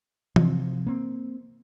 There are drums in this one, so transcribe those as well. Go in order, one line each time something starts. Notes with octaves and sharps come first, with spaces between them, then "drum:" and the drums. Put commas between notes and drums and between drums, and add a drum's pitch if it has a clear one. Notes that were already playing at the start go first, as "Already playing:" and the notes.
C3 F3 C4, drum: tom E3
A#3 C4